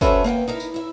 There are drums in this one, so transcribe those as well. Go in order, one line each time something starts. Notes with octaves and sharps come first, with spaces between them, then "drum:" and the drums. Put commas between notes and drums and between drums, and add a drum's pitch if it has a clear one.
C#4 F#4 A4 B4 C5 E5, drum: kick, tambourine
A#3 B3 F#5 G5
D#4 E4 A#4
drum: tambourine
E4 E5